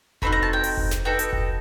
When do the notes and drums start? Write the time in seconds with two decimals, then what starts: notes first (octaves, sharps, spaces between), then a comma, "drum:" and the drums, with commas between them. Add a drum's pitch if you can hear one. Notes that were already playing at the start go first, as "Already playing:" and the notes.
0.22 A3 C4 D#4 F#4 B5, drum: kick F1
0.32 A#5
0.43 A5
0.53 G5
0.64 drum: open hi-hat
0.77 drum: kick F1
0.91 drum: snare
1.05 B3 D#4 F#4 A4 G5
1.19 drum: hi-hat
1.33 drum: kick F1